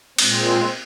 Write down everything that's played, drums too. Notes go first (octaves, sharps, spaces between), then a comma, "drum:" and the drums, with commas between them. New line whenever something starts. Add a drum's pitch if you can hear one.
A#2 G#3 C4, drum: cymbal